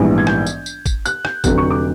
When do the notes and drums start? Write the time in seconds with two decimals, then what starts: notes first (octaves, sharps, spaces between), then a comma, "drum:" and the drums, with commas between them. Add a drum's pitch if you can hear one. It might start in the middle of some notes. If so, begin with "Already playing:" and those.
Already playing: A#1 G#2 E3 G3 B3
0.18 G#6
0.27 G6, drum: rim click
0.47 drum: tambourine
0.66 drum: tambourine
0.86 drum: kick, tambourine
1.05 F#6, drum: tambourine
1.25 G6, drum: rim click
1.44 F1 F2 D3 F#3 F#6, drum: kick, tambourine
1.58 C#6
1.71 D6